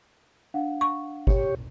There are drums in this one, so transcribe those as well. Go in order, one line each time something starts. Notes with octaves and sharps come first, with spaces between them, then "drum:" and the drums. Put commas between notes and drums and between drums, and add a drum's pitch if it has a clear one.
D4 F5 F#5
C#6
G4 C#5, drum: kick G1